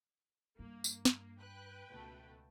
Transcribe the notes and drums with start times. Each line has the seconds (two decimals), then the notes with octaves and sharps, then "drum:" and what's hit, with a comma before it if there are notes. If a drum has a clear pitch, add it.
0.59 G2 A#3
0.84 drum: tambourine
1.05 A#3, drum: snare
1.40 B4 G5 F#6
1.90 C#2 B2 A3